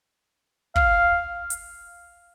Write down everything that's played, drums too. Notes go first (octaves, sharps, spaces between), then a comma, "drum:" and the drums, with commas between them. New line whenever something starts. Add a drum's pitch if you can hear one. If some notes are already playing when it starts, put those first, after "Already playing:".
F5, drum: kick
drum: hi-hat